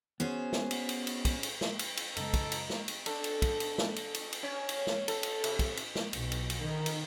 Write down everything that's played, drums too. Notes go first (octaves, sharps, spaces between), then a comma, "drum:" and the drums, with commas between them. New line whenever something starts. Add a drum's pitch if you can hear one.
B3 C#4 F#4 G#4 C5
drum: snare
drum: cymbal
drum: cymbal
drum: cymbal
drum: kick, cymbal
drum: cymbal
drum: snare
drum: cymbal
drum: cymbal
F#2 C#3 G#3 A4 D#5 A#5, drum: cymbal
drum: kick, cymbal
drum: cymbal
drum: snare
drum: cymbal
D4 A4, drum: cymbal
drum: cymbal
drum: kick, cymbal
drum: cymbal
drum: snare
drum: cymbal
drum: cymbal
drum: cymbal
C#4 C#5
drum: cymbal
drum: snare
A4, drum: cymbal
drum: cymbal
C3, drum: cymbal
drum: kick, cymbal
drum: cymbal
drum: snare
B1, drum: cymbal
drum: cymbal
drum: cymbal
D#3
drum: cymbal